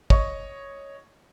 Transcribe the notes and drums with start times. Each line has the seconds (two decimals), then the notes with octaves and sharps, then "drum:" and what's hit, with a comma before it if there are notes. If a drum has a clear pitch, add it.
0.10 C#5 D#5 C#6, drum: kick